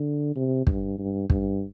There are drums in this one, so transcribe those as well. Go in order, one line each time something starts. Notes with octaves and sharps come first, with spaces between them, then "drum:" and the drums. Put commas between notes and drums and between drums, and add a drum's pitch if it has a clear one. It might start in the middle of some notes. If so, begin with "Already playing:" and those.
Already playing: D3
C3
G2, drum: kick
G2
G2, drum: kick